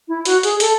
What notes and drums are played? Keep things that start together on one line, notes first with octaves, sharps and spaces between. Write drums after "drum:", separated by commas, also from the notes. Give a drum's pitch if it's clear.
E4
F#4, drum: hi-hat
G#4, drum: hi-hat
A4, drum: hi-hat